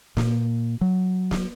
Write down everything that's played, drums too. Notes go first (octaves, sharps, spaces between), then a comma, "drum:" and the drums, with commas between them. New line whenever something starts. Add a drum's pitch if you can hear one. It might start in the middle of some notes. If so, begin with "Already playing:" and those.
A#2, drum: snare
F#3
drum: snare